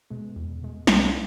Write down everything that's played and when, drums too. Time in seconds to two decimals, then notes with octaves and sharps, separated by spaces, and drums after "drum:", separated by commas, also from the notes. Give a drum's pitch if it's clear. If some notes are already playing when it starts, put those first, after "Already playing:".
0.10 B2 G#3
0.36 E2
0.62 B2 G#3
0.87 C2, drum: snare